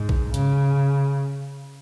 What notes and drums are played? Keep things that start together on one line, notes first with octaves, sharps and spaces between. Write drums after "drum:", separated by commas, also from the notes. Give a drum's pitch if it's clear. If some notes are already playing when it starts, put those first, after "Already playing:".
Already playing: G#2
drum: kick A#1
C#3, drum: hi-hat